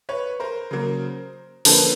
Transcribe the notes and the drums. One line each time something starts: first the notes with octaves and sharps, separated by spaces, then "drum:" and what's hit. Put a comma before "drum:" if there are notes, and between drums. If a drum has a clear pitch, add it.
B4 C#5
A#4 C5
C#3 F#3 A#3
D3 F3 A#3 C#4 A4 B4, drum: open hi-hat